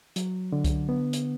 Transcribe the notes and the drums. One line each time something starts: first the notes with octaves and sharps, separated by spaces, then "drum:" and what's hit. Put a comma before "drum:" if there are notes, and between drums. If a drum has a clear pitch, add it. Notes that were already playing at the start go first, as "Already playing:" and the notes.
F#3, drum: hi-hat
D3
drum: kick C2, hi-hat
B3
drum: hi-hat